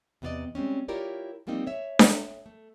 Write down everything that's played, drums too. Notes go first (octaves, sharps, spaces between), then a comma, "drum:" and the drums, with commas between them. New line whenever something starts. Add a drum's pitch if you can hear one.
E2 C3 B3 D#4 D5 D#5
G3 G#3 C4 C#4
E4 F4 G4 A#4 C#5 D5
F3 G3 A#3 C4 D#4
C#5 E5
drum: snare D4
A3